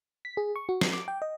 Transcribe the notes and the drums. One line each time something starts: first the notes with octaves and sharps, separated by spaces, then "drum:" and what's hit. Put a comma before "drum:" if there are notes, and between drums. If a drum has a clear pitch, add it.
B6
G#4
C#6
F#4
C7, drum: snare
D6
G5
D#5